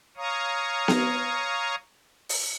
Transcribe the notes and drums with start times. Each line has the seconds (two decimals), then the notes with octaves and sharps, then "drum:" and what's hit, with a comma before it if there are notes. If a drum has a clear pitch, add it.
0.17 C#5 F5 A#5 C#6 D#6
0.88 drum: snare B3
2.29 drum: open hi-hat